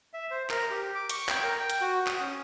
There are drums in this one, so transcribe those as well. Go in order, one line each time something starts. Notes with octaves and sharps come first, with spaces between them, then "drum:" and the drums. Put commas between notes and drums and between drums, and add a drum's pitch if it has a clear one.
E5
C5
A#4, drum: clap
G4
D6
C#6, drum: hi-hat
G5, drum: clap
A#4
G5
drum: hi-hat
F#4
D#6, drum: clap
C#4